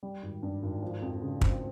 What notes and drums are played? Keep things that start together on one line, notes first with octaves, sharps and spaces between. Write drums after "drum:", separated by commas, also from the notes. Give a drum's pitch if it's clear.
G3
G#1
G2
G#1
F3
F2
C#3
C4, drum: kick